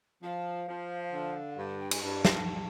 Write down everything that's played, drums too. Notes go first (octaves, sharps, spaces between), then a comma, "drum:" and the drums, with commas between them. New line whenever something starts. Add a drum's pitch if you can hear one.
F3 F5
F3
D3
G2
F#5
G5
G#5, drum: cymbal
G2 A5
drum: snare